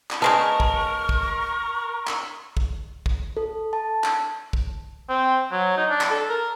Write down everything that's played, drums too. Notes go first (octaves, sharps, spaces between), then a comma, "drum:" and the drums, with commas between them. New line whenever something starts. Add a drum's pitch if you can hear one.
drum: clap
C#3 G#3 B3 A#4 A5 C#6
drum: kick
drum: kick
drum: clap
drum: kick
drum: kick
A4
A5
drum: clap
drum: kick
C4
F#3
D#4
D4
drum: clap
A4
A#4